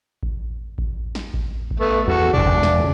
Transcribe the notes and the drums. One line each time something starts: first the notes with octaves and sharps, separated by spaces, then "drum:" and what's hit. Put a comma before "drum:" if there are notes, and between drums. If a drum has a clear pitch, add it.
drum: kick A1
drum: kick A1
drum: snare
drum: kick A1
drum: kick A1
A3 B3
E2 F#4 A4
F#1 F#2 C3 D4
E1
drum: snare
A#2 C#3